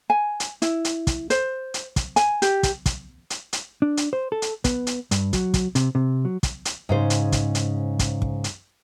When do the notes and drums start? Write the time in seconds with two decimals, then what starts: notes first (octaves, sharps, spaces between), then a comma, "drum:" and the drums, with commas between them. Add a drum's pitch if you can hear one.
0.10 G#5
0.40 drum: hi-hat
0.62 E4, drum: hi-hat
0.85 drum: hi-hat
1.07 drum: kick, hi-hat
1.30 C5, drum: hi-hat
1.74 drum: hi-hat
1.96 drum: kick, hi-hat
2.16 G#5, drum: hi-hat
2.42 G4, drum: hi-hat
2.63 drum: kick, hi-hat
2.86 drum: kick, hi-hat
3.30 drum: hi-hat
3.53 drum: hi-hat
3.82 D4
3.97 drum: hi-hat
4.13 C5
4.32 A4
4.42 drum: hi-hat
4.64 B3, drum: kick, hi-hat
4.87 drum: hi-hat
5.11 G2, drum: hi-hat
5.33 F#3, drum: kick, hi-hat
5.54 drum: kick, hi-hat
5.75 C3, drum: hi-hat
5.95 C3
6.25 F#3
6.43 drum: kick, hi-hat
6.65 drum: hi-hat
6.89 G#2 C#3 C5
7.10 drum: hi-hat
7.32 drum: kick, hi-hat
7.55 drum: hi-hat
7.99 drum: kick, hi-hat
8.22 drum: kick
8.44 drum: hi-hat